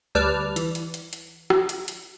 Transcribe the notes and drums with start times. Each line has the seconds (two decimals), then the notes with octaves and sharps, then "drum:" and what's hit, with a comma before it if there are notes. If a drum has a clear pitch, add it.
0.15 D2 G3 B4 D5 A5 F6
0.56 E3, drum: hi-hat
0.75 drum: hi-hat
0.94 drum: hi-hat
1.13 drum: hi-hat
1.50 drum: rim click
1.69 drum: hi-hat
1.88 drum: hi-hat